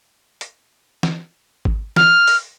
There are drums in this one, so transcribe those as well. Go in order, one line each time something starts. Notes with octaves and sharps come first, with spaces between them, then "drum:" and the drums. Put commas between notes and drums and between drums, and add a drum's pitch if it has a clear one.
drum: hi-hat
drum: snare E3
drum: kick G#1
F6, drum: snare E3
drum: open hi-hat